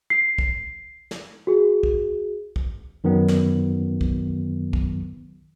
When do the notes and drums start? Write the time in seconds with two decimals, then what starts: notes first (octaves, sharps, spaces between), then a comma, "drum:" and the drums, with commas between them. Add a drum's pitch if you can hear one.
0.10 C7
0.38 drum: kick
1.11 drum: snare
1.47 F#4 G#4
1.83 drum: kick
2.56 drum: kick
3.04 F#2 D#3 F#3 B3
3.28 drum: snare
4.01 drum: kick
4.73 drum: kick